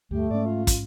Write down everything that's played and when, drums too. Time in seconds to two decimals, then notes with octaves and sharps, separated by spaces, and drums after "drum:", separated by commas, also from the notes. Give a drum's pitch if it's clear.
0.11 D2 G2 A3 G4
0.31 G#2 C#4 D5
0.46 F4
0.67 drum: kick, hi-hat